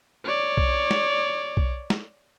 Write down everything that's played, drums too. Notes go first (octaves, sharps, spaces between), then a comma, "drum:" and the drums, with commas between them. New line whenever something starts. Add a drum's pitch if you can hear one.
C#5 D5
drum: kick B1
drum: snare
drum: kick B1
drum: snare